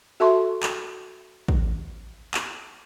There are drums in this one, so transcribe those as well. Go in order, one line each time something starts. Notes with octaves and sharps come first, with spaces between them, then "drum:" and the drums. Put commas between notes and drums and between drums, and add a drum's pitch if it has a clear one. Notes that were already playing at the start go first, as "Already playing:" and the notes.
F#4 A4 E5 A5 C6 C#6
drum: clap
drum: kick
drum: clap